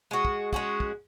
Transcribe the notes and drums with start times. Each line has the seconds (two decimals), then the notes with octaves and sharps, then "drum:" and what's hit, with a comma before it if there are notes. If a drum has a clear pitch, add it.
0.11 G#3 F#4
0.25 drum: kick
0.53 G#3 C#4 F#4, drum: kick
0.80 drum: kick